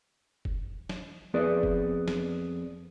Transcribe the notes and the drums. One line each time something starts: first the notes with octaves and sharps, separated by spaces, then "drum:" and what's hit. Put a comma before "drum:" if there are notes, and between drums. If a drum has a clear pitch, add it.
drum: kick F1
drum: snare
F2 B3 G#4 B4 D5
drum: kick F1
drum: snare